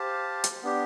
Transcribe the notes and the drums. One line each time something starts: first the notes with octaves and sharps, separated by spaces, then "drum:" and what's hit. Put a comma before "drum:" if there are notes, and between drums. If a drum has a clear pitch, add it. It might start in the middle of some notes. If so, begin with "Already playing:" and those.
Already playing: G4 C5 F5 A5
drum: hi-hat
B3 D4 G4